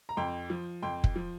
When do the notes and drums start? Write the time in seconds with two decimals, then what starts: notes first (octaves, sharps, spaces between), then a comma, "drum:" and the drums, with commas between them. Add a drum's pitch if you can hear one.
0.09 A#5
0.17 F2 G5 C6
0.50 F3
0.82 F2 G5 C6
1.04 drum: kick
1.16 F3